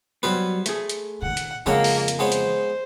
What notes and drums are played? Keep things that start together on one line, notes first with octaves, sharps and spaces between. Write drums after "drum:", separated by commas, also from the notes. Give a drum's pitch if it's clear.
F#3 G3 B3 B4 C5
A3 G#4, drum: hi-hat
drum: hi-hat
A#2 D#3 F#5
drum: hi-hat
F2 C#3 G#3 A#3 C#5 F#5
drum: open hi-hat
drum: hi-hat
G#3 B3 C5 C#5
drum: hi-hat